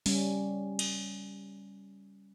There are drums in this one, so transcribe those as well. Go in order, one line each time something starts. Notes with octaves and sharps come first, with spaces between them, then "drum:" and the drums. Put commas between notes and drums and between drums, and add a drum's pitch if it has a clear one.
G3 C#4, drum: open hi-hat
drum: cymbal